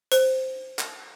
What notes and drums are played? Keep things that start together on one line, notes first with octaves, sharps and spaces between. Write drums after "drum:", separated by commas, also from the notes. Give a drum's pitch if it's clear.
C5, drum: hi-hat
drum: clap